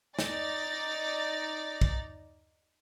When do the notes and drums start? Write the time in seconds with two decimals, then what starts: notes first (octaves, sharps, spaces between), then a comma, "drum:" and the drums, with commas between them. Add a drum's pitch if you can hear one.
0.19 D#4 D5 A#5 A6, drum: snare
1.82 drum: kick